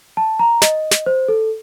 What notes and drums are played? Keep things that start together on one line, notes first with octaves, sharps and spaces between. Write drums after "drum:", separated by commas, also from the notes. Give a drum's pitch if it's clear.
A5
A#5
D#5, drum: snare
drum: snare
C5
A4